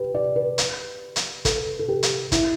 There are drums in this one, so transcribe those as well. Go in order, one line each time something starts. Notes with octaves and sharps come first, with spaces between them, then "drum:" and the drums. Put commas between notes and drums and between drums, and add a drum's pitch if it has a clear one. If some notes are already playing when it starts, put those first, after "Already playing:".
Already playing: G4 B4
D5
B4
drum: hi-hat
drum: hi-hat
A4, drum: kick, hi-hat
A4
G4
drum: hi-hat
E4, drum: kick, hi-hat